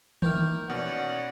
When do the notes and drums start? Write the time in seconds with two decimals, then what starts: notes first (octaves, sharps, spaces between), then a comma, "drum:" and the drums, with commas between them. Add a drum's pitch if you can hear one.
0.22 D#3 A#3 E4 F6 G6, drum: tom D#3
0.70 B2 C#4 D5 F#5